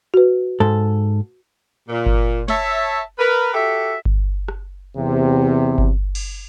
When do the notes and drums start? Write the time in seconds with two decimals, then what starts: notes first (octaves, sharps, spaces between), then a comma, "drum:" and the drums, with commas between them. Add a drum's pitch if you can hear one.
0.14 F#4 B4
0.60 G#2 A4
1.89 A#2
2.06 drum: kick G1
2.48 C#5 E5 A5, drum: snare
3.18 A#4 B4
3.53 F#4 G4 A4 E5
4.05 drum: kick G1
4.48 drum: rim click
4.96 E2 C3
5.78 drum: kick G1
6.15 drum: cymbal